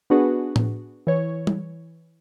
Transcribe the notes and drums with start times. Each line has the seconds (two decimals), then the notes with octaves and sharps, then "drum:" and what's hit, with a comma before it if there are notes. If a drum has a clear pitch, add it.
0.10 B3 D4 F#4 G#4 B4
0.56 drum: tom A2
1.07 E3 C#5
1.47 drum: tom G3